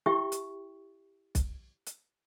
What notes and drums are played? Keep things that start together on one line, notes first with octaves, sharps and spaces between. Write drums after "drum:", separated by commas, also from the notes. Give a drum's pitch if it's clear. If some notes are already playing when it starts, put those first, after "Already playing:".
E4 G4 E5 G5 C#6
drum: hi-hat
drum: kick B1, hi-hat
drum: hi-hat